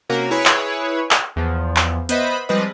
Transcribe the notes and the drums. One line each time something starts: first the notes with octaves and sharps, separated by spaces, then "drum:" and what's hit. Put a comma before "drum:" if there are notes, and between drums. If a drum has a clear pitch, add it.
C3 A#3 C#4 F#4 A#4
E4 G#4 B4 C#5
drum: clap
drum: clap
E2 F3
drum: clap
B3 B4 C5 D#5 E5 B5, drum: hi-hat
F3 G3 G#3 C4 B4 D#5